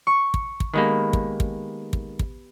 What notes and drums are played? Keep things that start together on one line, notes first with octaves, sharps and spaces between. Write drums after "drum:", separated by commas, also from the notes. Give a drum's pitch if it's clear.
C#6
drum: kick
drum: kick
D#3 G#3 A#3 B3 G4 B5
drum: kick
drum: kick
drum: kick
drum: kick